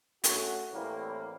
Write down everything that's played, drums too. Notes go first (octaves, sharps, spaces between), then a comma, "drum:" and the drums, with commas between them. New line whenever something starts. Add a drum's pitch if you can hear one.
A3 C#4 F#4, drum: hi-hat
A2 E3 G3 A#3 C4